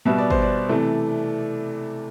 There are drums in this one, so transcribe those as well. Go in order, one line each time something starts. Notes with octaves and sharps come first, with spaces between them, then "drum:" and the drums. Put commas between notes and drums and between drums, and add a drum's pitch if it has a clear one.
B2 G3 B3 E5
D5
C5, drum: kick
D5
C3 E3 A3